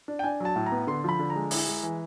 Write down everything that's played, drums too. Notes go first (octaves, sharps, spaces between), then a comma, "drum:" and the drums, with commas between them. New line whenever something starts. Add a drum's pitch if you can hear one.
D4
G5
D4 G#5
F#3 A5
A2
A#5
B3
D3 C6
F3 B5
D3
A#5
G#3
E4, drum: open hi-hat
G#3
E3